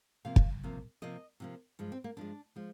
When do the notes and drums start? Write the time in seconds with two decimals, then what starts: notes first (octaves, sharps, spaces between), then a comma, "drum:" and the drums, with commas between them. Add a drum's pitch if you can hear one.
0.25 C3 F3 A#3 F5
0.36 drum: kick
0.64 C3 F3 A#3
1.02 C3 F3 A#3 D#5
1.40 C3 F3 A#3
1.79 G2 F3 G#3
1.92 C4
2.04 A#3
2.17 G2 F3 G#3 D4
2.56 F3 G#3